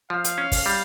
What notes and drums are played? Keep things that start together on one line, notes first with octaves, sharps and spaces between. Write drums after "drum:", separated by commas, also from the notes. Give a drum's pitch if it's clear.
F3 F5
drum: hi-hat
C#4
drum: kick, open hi-hat
G3